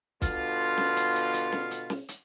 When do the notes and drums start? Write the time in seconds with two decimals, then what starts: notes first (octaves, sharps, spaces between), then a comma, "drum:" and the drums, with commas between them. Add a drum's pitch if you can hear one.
0.22 B2 D3 F4, drum: kick, hi-hat
0.78 drum: snare
0.96 drum: hi-hat
1.15 drum: hi-hat
1.34 drum: hi-hat
1.52 drum: snare
1.71 drum: hi-hat
1.90 drum: snare
2.09 drum: hi-hat